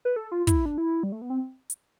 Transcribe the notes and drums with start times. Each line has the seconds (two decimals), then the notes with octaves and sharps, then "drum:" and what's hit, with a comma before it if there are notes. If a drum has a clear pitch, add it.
0.05 B4
0.16 A4
0.32 F4
0.47 E4, drum: kick, hi-hat
0.66 D4
0.78 E4
1.03 G3
1.12 A3
1.22 B3
1.30 C4
1.70 drum: hi-hat